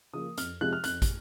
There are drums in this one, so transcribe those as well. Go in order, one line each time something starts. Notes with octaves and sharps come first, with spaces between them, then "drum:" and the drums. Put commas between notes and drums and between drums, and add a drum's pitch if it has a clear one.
C#3 F3 A#3 D#6
F2 F6, drum: hi-hat
C3 F3 G#3 F#6
F6
F2 F#6, drum: hi-hat
drum: kick, hi-hat